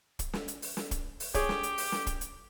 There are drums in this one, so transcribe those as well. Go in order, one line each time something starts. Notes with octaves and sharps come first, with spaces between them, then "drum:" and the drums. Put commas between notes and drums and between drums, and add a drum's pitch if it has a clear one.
drum: kick, hi-hat
drum: snare
drum: hi-hat
drum: open hi-hat
drum: snare
drum: kick, hi-hat
drum: open hi-hat
G4 G#4 C#5, drum: kick, hi-hat
drum: snare
drum: hi-hat
drum: open hi-hat
drum: snare
drum: kick, hi-hat
drum: hi-hat